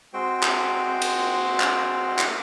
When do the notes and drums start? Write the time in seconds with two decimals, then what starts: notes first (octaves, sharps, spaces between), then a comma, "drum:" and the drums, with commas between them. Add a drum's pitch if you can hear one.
0.14 G#3 C4 F#4 C5 G5
0.43 drum: clap
1.02 drum: cymbal
1.60 drum: clap
2.19 drum: clap